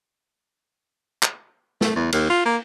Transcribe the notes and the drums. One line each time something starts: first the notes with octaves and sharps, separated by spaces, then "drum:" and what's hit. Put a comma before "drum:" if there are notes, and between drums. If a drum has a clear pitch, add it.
drum: clap
A3, drum: snare
E2
D#2, drum: cymbal
F4
A#3